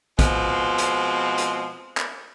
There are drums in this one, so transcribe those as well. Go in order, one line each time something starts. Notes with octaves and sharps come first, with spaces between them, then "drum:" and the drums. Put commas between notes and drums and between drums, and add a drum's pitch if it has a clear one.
B2 F3 G#3 C4, drum: kick, hi-hat
drum: hi-hat
drum: hi-hat
drum: clap